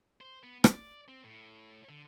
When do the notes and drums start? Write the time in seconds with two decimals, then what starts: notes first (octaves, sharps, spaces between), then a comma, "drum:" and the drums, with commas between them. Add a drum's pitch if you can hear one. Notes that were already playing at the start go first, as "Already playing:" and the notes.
0.21 C5
0.43 B3
0.64 D5, drum: rim click
1.08 C4
1.24 A2
1.89 D3